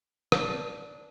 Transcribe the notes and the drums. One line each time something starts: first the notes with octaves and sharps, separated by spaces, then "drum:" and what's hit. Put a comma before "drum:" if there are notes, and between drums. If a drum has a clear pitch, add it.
D4, drum: rim click